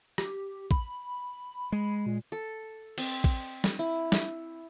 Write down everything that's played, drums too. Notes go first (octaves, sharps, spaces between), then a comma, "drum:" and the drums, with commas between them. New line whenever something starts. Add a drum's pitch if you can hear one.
G4, drum: rim click
B5, drum: kick
G#3
A#2
A4
C4, drum: cymbal
drum: kick
drum: snare
E4
drum: snare